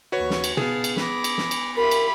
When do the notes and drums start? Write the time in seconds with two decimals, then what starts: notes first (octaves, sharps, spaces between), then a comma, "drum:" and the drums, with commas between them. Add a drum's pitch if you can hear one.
0.12 D#2 F#4 B4 C#5 C#6
0.30 drum: snare
0.44 drum: cymbal
0.57 B3 G#4 F5 A5, drum: tom
0.84 drum: cymbal
0.97 B5 D6 A#6, drum: snare
1.24 drum: cymbal
1.38 drum: snare
1.51 drum: cymbal
1.77 F4 G4 A#4 E5 B5
1.91 drum: cymbal